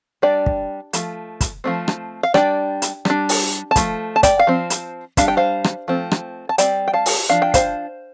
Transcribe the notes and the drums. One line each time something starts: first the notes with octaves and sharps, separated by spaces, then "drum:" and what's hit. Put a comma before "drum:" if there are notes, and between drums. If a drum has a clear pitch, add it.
G3 D4 D5 G5
drum: kick
F3 A3, drum: hi-hat
drum: kick, hi-hat
F3 A3 C4
drum: rim click
F5
G3 D4 D5 G5, drum: rim click
drum: hi-hat
G3 D4, drum: rim click
drum: open hi-hat
A5
F3 A3, drum: kick, hi-hat
A5
D5 G5, drum: kick, hi-hat
F5
F3 C4
drum: hi-hat
G3 D4 F5, drum: kick, hi-hat
G5
C5 F5
drum: rim click
F3 A3 C4
drum: rim click
A5
G3 C4 D5 G5, drum: hi-hat
G5
F5 A5
drum: open hi-hat
F3 D4 F5
G5
C5 F5, drum: kick, hi-hat